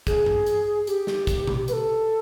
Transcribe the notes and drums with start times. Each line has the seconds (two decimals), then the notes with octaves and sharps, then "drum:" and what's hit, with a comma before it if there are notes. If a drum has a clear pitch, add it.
0.07 G#4, drum: kick, hi-hat
0.26 drum: tom G2
0.47 drum: hi-hat
0.87 G4, drum: hi-hat
1.07 drum: snare
1.27 drum: kick, hi-hat
1.47 drum: tom B2
1.68 B4, drum: hi-hat
1.73 A4